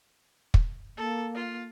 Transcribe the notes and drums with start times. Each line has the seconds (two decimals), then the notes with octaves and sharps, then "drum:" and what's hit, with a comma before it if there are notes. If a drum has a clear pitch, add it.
0.54 drum: kick
0.97 A#3 A4
1.34 F4